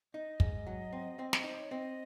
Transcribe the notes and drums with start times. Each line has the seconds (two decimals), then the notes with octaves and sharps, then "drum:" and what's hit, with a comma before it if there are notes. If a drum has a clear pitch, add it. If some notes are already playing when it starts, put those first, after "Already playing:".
0.14 D#4 D#5
0.40 G#2, drum: kick
0.67 F#3
0.93 C4
1.19 C4
1.33 drum: snare
1.44 D#4 C5
1.59 C#5
1.71 C4 D#5